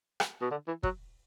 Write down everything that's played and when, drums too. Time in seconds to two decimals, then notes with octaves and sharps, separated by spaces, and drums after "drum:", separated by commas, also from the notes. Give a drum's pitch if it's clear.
0.20 drum: rim click
0.41 B2
0.51 D3
0.67 E3
0.83 F#3, drum: kick